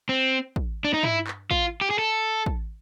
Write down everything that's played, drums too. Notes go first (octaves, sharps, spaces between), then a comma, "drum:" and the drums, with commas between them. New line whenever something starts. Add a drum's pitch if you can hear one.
C4
drum: kick
D4
D#4
E4, drum: tom
drum: clap
F4, drum: kick
G4
G#4
A4
drum: kick